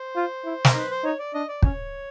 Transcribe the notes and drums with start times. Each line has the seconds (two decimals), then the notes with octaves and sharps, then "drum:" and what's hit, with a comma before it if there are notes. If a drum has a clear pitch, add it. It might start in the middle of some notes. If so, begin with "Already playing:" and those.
Already playing: C5
0.16 F4
0.45 E4
0.65 A#4, drum: snare
0.75 D#4 B4
0.91 C5
1.04 D#4 C#5
1.19 D5
1.34 D4 D#5
1.48 D5
1.62 C#4 C#5, drum: kick